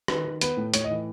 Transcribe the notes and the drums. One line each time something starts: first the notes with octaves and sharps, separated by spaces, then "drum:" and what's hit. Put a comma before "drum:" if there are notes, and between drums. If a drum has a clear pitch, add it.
D#3 B4, drum: rim click
D#3
B3 B4, drum: hi-hat
A2
A2 C#5, drum: hi-hat
D#5
E3